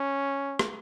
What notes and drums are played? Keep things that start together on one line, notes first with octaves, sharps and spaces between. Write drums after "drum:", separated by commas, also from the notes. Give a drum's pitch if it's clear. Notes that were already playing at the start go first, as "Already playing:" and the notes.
Already playing: C#4
drum: rim click